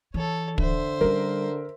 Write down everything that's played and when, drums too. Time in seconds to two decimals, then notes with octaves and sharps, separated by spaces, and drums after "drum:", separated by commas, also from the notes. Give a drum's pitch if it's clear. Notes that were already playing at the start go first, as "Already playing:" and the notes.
0.14 E3 A4 C#5
0.58 D3 C5 E5, drum: kick
1.01 G3 C#4 A#4